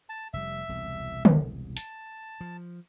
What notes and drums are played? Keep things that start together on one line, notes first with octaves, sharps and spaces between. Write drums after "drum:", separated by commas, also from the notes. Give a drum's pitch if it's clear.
A5
F1 G3 E5
E1 C2
drum: tom D3
A5, drum: hi-hat
F3